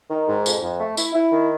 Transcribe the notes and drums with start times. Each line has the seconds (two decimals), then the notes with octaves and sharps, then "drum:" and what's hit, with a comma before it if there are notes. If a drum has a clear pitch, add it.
0.11 D#3
0.28 G#2
0.46 F2, drum: tambourine
0.63 F2
0.80 A3
0.97 E4, drum: tambourine
1.15 E4
1.32 D#3